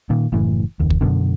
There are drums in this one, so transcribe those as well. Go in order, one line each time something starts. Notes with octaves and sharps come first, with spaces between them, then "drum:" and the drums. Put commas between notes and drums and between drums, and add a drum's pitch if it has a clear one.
A#2 D#3
F#1 A2 E3
F#1 D#2
drum: kick
F#2 B2 D3